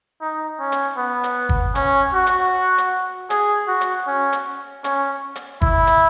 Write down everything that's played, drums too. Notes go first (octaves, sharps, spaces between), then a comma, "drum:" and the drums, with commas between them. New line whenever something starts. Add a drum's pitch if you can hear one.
D#4
C#4
drum: hi-hat
B3
drum: hi-hat
drum: kick
C#4, drum: hi-hat
F#4
drum: hi-hat
drum: hi-hat
G#4, drum: hi-hat
F#4
drum: hi-hat
C#4
drum: hi-hat
C#4, drum: hi-hat
drum: hi-hat
E4, drum: kick
drum: hi-hat